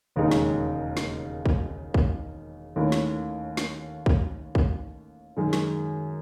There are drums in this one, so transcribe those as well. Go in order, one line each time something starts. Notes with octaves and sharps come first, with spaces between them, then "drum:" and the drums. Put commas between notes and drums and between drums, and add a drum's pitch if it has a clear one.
E1 D#2 C#3 G#3 D#4
drum: snare
drum: snare
drum: kick
drum: kick
D#2 D#3 A3 C#4 E4
drum: snare
drum: snare
drum: kick
drum: kick
F#2 D#3 G#3
drum: snare